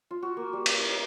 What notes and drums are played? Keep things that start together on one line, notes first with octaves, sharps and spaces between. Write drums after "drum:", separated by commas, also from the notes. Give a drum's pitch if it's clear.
F4
F#4
A#3
G3
F5, drum: cymbal
E4